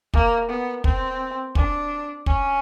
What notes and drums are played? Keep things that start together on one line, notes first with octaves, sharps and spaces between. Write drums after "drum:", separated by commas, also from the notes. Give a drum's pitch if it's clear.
A#3, drum: kick
B3
C4, drum: kick
D4, drum: kick
C#4, drum: kick